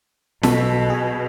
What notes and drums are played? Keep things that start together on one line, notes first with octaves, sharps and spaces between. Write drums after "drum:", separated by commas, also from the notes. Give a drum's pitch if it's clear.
B1 B2 A4 B6, drum: snare
G#4 G#5